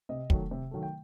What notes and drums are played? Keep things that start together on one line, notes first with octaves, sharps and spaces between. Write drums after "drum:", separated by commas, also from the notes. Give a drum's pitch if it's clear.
C3 D#5
D#3 F#3 A3, drum: kick
C3
D#3 F#3 A3
G5